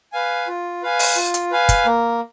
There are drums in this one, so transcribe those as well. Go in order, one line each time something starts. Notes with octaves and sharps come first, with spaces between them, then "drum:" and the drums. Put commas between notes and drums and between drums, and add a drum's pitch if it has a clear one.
B4 F5 G#5
F4
B4 F5 G#5
drum: open hi-hat
F4
drum: hi-hat
B4 F5 G#5
drum: kick, hi-hat
A#3